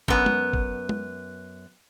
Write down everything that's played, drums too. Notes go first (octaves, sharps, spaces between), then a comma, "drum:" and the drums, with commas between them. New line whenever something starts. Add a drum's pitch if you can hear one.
F#2 B3, drum: kick
drum: tom G#3
drum: kick
drum: tom G#3